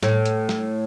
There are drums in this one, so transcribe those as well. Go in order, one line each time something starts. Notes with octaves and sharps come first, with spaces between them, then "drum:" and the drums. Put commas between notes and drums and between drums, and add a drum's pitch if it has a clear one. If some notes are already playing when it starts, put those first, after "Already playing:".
A2, drum: snare
drum: hi-hat
drum: snare